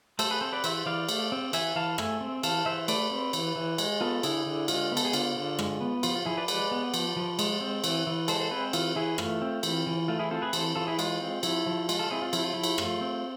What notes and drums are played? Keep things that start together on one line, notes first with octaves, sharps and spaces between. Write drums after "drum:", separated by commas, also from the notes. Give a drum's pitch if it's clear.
A3 A4 C5, drum: cymbal
G#4 B4
C4 A4 C5
B4 D5
E3 C5 E5, drum: cymbal
E3 D5 F5
A3, drum: cymbal
C4
E3 E5 G#5, drum: cymbal
E3 F5 A5
A3 E5 G#5, drum: rim click
C4
E3 F5 A5, drum: cymbal
E3 C5 E5
A3 B4 D5, drum: cymbal
C4
E3, drum: cymbal
E3
G#3, drum: cymbal
B3 F4 A4
D3 E4 G#4, drum: cymbal
D3
G#3 F4, drum: cymbal
B3
A4, drum: cymbal
G#4
D3 F4, drum: cymbal
D3
G#3, drum: rim click
B3
F3 F4, drum: cymbal
F4
F3 E4 G#4
B4 D5
G#3 B4 D5, drum: cymbal
B3
F3, drum: cymbal
F3
G#3, drum: cymbal
C4
E3, drum: cymbal
E3
G#3 A4 C5, drum: cymbal
A4 C5
C4 G#4 B4
E3 F4, drum: cymbal
E3 E4 G#4
A3 F4, drum: rim click
C4
E3, drum: cymbal
E3
A3 F4
E4 G#4
C4 F4 A4
G#4 B4
E3 A4 C5, drum: cymbal
E3 F4 A4
E4 G#4
G#3 F4, drum: cymbal
C4
F3 E4, drum: cymbal
F3
G#3 F4, drum: cymbal
F4 A4
C4 E4 G#4
F4
F3 E4, drum: cymbal
F4
F3 E4
drum: cymbal
A3 F4, drum: rim click
C4